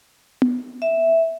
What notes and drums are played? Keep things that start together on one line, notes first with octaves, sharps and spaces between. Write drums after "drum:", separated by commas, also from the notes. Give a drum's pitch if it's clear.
drum: tom B3
E5